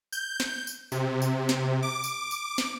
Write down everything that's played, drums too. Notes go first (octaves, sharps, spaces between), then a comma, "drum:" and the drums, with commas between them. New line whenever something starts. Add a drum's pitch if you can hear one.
G6, drum: tambourine
drum: snare
drum: tambourine
C3, drum: tambourine
drum: tambourine
drum: snare
D6
drum: tambourine
drum: tambourine
drum: snare